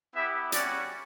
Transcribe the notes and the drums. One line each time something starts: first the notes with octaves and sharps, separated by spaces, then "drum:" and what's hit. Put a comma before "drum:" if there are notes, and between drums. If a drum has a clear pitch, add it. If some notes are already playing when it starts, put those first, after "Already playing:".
B3 E4 G4 E5
G3 C#4 F#4 D5, drum: hi-hat